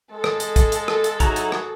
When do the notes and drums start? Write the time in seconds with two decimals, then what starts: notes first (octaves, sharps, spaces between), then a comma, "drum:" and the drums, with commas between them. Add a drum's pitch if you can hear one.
0.12 G#3 A4
0.24 drum: rim click
0.40 drum: hi-hat
0.56 drum: kick, hi-hat
0.72 drum: hi-hat
0.88 drum: rim click
1.04 drum: hi-hat
1.20 F#3 D#4 E4 F#4 G#4 A#5, drum: kick, hi-hat
1.36 drum: hi-hat
1.52 drum: rim click